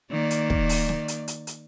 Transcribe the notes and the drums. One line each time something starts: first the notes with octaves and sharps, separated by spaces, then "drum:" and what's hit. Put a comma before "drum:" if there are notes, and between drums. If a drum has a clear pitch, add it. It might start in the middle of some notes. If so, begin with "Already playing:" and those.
D#3 A#3 D5
drum: hi-hat
drum: kick
drum: open hi-hat
drum: snare
drum: hi-hat
drum: hi-hat
drum: hi-hat